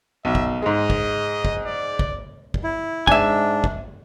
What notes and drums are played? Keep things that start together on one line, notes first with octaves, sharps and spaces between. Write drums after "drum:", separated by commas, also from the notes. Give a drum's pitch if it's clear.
B1 E5
drum: kick
G#2 G#3 D#5
drum: kick
drum: kick
D5
drum: kick
drum: kick
E4
G#2 D4 E5 G#5, drum: kick
drum: kick